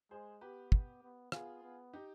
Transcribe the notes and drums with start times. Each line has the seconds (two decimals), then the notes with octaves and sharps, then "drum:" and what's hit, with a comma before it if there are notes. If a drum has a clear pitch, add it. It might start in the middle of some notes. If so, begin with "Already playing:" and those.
0.11 G#3 G#4 C5
0.41 B3 G4 B4
0.72 drum: kick
1.03 B3
1.32 B3 F4 G#4, drum: rim click
1.63 B3
1.93 D#4 G4